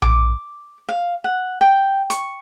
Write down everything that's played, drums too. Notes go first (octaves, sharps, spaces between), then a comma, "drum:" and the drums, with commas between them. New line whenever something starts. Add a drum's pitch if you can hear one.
D6, drum: tom A#1
F5
F#5
G5
C#6, drum: hi-hat